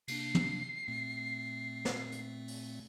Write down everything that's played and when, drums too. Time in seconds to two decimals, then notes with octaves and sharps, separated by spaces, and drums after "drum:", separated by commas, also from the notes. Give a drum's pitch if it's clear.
0.08 C3 A#3 D4 C7, drum: cymbal
0.35 drum: tom
0.88 A#2 A3 C4
1.85 drum: snare
2.12 drum: hi-hat
2.48 drum: open hi-hat